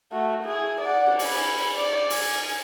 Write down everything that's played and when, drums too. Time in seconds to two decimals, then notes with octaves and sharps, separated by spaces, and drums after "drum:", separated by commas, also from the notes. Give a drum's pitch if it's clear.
0.12 A3 F#4
0.44 E4 G#4
0.81 D5 F#5
1.06 drum: cymbal
1.19 G#5 B5, drum: open hi-hat
1.74 D5
2.10 G#5, drum: open hi-hat